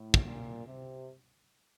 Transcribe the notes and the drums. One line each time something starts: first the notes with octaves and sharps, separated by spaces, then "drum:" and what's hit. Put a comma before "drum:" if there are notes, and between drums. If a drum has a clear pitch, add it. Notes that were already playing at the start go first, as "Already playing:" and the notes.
Already playing: A2
drum: kick
A#2
C3